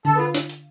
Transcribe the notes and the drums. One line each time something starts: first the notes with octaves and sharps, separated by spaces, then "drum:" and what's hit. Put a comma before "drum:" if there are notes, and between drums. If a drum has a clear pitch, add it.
D3 A4
B3 F4
drum: snare
drum: hi-hat